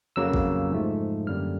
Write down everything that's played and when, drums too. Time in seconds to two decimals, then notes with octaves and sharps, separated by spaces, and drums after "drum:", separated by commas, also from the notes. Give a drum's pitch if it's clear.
0.16 F2 C#3 F#3 A#3 E6
0.34 drum: kick A1
0.71 G#2 F3 A3
1.27 F#2 D3 G3 A#3 F6